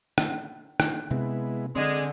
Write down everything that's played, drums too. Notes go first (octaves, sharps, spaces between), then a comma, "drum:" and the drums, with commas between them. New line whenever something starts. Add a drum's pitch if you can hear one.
drum: rim click
drum: rim click
C3 G#3 B3 C4 E4
D3 G#3 C4 D5